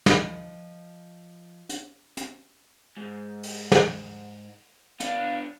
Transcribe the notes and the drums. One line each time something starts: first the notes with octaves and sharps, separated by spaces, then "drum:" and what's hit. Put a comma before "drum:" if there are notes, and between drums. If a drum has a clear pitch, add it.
F3 D#5, drum: snare
drum: hi-hat
drum: hi-hat
G#2
drum: open hi-hat
drum: snare
B3 D4 F5, drum: hi-hat